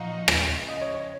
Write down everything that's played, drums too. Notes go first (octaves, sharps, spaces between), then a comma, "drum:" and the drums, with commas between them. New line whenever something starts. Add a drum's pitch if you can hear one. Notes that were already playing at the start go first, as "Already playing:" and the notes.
Already playing: A#2 F3 D#4 F#4 D#5 F5 A#5
C#2 C#3 G#3, drum: rim click
D#5
C#5
C#5